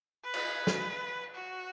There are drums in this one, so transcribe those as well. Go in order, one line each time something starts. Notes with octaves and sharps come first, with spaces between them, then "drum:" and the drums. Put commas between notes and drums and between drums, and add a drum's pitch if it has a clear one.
B4
drum: cymbal
drum: snare
F#4